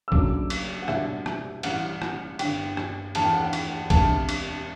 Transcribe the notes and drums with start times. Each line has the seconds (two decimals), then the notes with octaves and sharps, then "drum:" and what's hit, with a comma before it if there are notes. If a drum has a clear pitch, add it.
0.08 E6
0.12 F#1 F#2 F#3 A3 D4 D6, drum: kick A#1
0.50 drum: cymbal
0.82 F#5
0.88 C2 B2 G3 D4 E5, drum: rim click
1.26 drum: rim click
1.63 A1 A2 G3 F#5, drum: cymbal
2.02 drum: rim click
2.39 G1 G2 D3 G5, drum: cymbal
2.77 drum: rim click
3.15 E2 D3 A3 A5, drum: cymbal
3.24 G5
3.33 F#5
3.43 G5
3.53 drum: cymbal
3.90 E1 D2 C3 A5, drum: kick A#1, cymbal
4.29 drum: cymbal